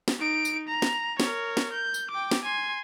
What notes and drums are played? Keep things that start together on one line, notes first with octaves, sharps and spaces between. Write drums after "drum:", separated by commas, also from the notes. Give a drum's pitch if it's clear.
drum: snare
D#4 D7
drum: tambourine
A#5
drum: snare
A#4 C#5, drum: snare
drum: snare
G6
drum: tambourine
G5 D6
drum: snare
G#5 C6